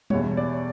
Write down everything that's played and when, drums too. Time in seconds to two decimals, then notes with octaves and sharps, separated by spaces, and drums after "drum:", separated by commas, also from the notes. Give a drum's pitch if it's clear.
0.10 E2 B2 G3 C#5, drum: tom G3
0.37 D5